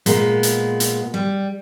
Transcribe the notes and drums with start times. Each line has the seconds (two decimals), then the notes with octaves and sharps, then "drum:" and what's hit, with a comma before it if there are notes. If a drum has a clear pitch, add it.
0.06 A#2 G#3 B3, drum: hi-hat
0.43 drum: hi-hat
0.80 drum: hi-hat
1.14 G3